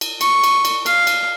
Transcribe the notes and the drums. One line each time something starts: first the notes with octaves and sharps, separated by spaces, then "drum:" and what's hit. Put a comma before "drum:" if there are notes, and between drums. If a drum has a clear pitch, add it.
drum: cymbal
C#6, drum: cymbal
drum: cymbal
drum: cymbal
F5, drum: cymbal
drum: cymbal